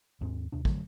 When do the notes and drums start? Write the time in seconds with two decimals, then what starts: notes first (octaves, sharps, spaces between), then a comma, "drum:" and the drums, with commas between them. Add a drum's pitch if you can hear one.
0.21 D#2 G#2 G#3 C4
0.52 D#2 C3 D4
0.65 D3 F#3 A3, drum: kick